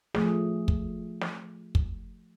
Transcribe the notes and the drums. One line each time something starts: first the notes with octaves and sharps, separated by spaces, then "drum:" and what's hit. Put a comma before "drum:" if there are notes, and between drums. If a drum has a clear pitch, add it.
F3 A3 G#4, drum: snare
drum: kick
drum: snare
drum: kick